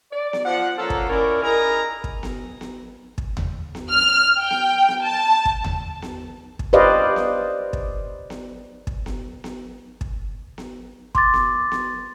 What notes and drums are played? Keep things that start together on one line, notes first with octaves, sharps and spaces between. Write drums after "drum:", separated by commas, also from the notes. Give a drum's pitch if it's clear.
D5
drum: snare B3
F3 F#5
F3 A#3 C#4 F4 A4
drum: kick
C#4 E4 A4 A#4 C#5 D5
D#4 E4 G#4 A#4 G#5 A#5
drum: kick
drum: snare B3
drum: snare B3
drum: kick
drum: tom D#2
drum: snare B3
F6
G5
drum: snare B3
drum: snare B3
A5
drum: kick
drum: tom D#2
drum: snare B3
drum: kick
G4 B4 C5 D5 D#5 F5
drum: snare B3
drum: kick
drum: snare B3
drum: kick
drum: snare B3
drum: snare B3
drum: kick
drum: snare B3
C6 D6 A6, drum: kick
drum: snare B3
drum: snare B3